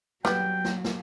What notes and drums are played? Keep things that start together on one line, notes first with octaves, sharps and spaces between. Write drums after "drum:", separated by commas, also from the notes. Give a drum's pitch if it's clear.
F#3 G3 B3 G5, drum: snare
drum: snare
drum: snare